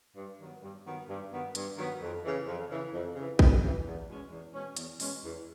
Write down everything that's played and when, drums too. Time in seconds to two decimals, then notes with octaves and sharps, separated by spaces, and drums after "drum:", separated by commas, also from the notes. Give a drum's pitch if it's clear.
0.16 G2
0.40 D#3 F#3 B3
0.62 G2
0.85 D#3 F#3 B3
1.08 G2
1.32 D#3 F#3 B3
1.55 G2, drum: hi-hat
1.78 D#3 F#3 B3
2.01 F2
2.24 C#3 E3
2.47 F2
2.70 C#3 E3
2.93 F2
3.15 C#3 E3
3.39 F2, drum: kick
3.62 C#3 E3
3.85 E2
4.08 B2 G#3 C#4
4.30 E2
4.54 B2 G#3 C#4
4.77 E2, drum: hi-hat
5.00 B2 G#3 C#4, drum: open hi-hat
5.23 E2